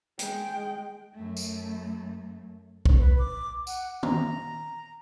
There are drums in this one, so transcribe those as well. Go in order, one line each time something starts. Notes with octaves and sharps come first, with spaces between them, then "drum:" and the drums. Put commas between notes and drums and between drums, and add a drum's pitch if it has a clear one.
G#3 G5, drum: hi-hat
F#2 A3
drum: tambourine
drum: kick B1
B4
D6
F#5, drum: tambourine
A#5, drum: tom